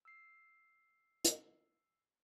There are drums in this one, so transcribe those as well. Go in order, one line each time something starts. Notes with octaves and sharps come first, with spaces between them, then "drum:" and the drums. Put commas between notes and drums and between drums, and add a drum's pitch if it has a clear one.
E6 C7
drum: hi-hat